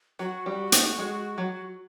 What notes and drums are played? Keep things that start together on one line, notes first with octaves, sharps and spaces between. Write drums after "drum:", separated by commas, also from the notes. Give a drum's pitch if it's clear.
F#3 F#4
G3
A3, drum: hi-hat
G#3
F#3